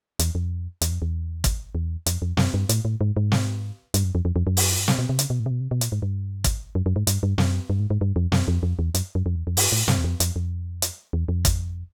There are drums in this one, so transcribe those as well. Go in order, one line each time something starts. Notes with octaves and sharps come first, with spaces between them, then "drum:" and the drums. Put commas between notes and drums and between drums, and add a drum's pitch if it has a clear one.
E2, drum: hi-hat
F2
E2, drum: hi-hat
F2
E2
drum: kick, hi-hat
E2
F2, drum: hi-hat
F2
F#2, drum: snare
G2
A2, drum: hi-hat
A2
G#2
G#2
drum: snare
G2, drum: hi-hat
F#2
F2
F2
F2
F#2
drum: open hi-hat
G2
G#2, drum: snare
B2
C3
C#3, drum: hi-hat
B2
A2
C3
B2
C3
B2
A#2, drum: hi-hat
G#2
G2
drum: kick, hi-hat
F#2
F#2
G#2
G2, drum: hi-hat
G2
F#2, drum: snare
G2
G#2
G#2
G2
F2
F#2, drum: snare
F2
F2
E2
F#2, drum: hi-hat
F#2
F2
E2
F2
G2, drum: open hi-hat
A2
G2, drum: snare
E2
F2
F2, drum: hi-hat
F2
drum: hi-hat
E2
F2
drum: kick, hi-hat